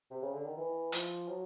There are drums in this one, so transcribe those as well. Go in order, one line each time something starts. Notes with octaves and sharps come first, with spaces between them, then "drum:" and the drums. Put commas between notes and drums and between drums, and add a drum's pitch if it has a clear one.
C3
C#3
D3
D#3
E3
F3, drum: hi-hat
F#3